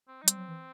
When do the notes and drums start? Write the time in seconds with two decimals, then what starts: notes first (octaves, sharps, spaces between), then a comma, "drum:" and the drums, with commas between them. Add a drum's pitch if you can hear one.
0.08 C4
0.22 F#3 D#4
0.28 G3 C4, drum: hi-hat
0.37 F#3
0.48 E3